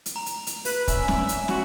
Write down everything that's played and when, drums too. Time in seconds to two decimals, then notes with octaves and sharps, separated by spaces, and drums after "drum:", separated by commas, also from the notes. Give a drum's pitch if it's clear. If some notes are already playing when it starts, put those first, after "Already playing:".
0.06 drum: hi-hat
0.16 A#5 F7
0.26 drum: hi-hat
0.47 drum: hi-hat
0.65 A#3 B4, drum: open hi-hat
0.88 C#4 D5 E5 G#5, drum: kick, hi-hat
1.08 drum: snare
1.29 drum: hi-hat
1.48 F#4 C#5 E5 F#5, drum: snare